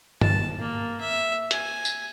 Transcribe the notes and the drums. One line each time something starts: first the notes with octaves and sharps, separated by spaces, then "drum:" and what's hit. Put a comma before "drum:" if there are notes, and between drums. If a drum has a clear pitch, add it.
A5, drum: tom G2
A#3
E5
G#5, drum: hi-hat
drum: tambourine